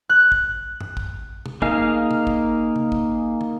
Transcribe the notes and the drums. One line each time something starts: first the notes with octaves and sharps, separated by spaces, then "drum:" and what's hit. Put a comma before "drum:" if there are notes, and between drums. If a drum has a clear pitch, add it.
F#6
drum: kick
drum: tom F#2
drum: kick
drum: tom
A#3 D#4 G#4 F5, drum: kick
drum: tom
drum: kick
drum: tom C3
drum: kick
drum: tom